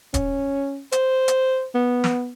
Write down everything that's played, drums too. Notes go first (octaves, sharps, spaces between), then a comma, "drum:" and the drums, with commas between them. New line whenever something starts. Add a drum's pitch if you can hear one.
C#4, drum: kick D#1, hi-hat
C5, drum: hi-hat
drum: hi-hat
B3
drum: snare